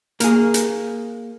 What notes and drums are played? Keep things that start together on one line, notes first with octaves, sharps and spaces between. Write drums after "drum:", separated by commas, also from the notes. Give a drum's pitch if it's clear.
A#3 G#4, drum: hi-hat
drum: hi-hat